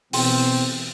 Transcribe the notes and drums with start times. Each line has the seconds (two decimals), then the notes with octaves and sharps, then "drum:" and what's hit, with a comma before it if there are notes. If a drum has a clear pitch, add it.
0.13 B2 E3 C4 G5 C6, drum: open hi-hat